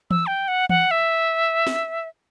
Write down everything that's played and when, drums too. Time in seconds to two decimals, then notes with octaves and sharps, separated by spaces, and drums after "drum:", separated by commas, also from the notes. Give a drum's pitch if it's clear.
0.11 E6, drum: tom E3
0.27 G5
0.48 F#5
0.69 F#5, drum: tom E3
0.91 E5
1.67 drum: snare